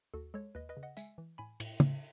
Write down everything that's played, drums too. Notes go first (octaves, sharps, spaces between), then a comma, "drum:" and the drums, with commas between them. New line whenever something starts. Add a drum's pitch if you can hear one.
D#2 F#4 A4
G#3 A4 C#5
D#2 B4 D#5
B4 D#5
C#3
D#5 F#5
G#3 E5 G#5, drum: tambourine
E3
A2 G#5 B5
A2, drum: cymbal
A2, drum: tom